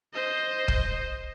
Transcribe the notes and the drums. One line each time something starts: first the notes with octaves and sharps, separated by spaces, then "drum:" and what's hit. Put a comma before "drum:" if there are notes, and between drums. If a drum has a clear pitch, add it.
C5 D#5
drum: kick